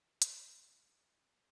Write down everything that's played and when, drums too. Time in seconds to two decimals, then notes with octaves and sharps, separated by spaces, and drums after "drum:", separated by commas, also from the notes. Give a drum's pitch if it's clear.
0.01 A#1 A2 D4 B5
0.22 E2, drum: hi-hat
0.50 C3 F#3 C4
0.77 D#3 A3 F#4 D#5 F#6
1.17 F6